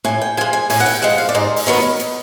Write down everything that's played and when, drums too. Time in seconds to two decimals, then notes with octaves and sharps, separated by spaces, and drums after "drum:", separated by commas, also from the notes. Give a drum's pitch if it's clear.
0.05 A2 G#5, drum: snare
0.21 G5
0.37 F3 G#3 G#5
0.53 G#5
0.70 A2 G#5, drum: open hi-hat
0.80 F#5
0.86 G5
1.02 F3 G#3 F#5
1.18 F5
1.29 D5
1.35 G#2 D#5
1.56 drum: open hi-hat
1.67 D#3 F#3 B3
1.78 drum: snare
2.00 drum: hi-hat